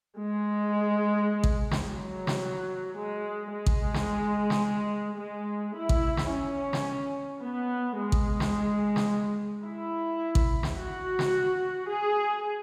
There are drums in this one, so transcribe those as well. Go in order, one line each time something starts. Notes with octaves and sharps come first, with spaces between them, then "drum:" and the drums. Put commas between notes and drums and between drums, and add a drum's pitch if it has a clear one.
G#3
drum: kick A1
drum: snare
F#3
drum: snare
G#3
G#3
drum: kick A1
drum: snare
drum: snare
G#3
E4
drum: kick A1
drum: snare
C#4
drum: snare
B3
G#3
drum: kick A1
drum: snare
drum: snare
E4
drum: kick A1
drum: snare
F#4
drum: snare
G#4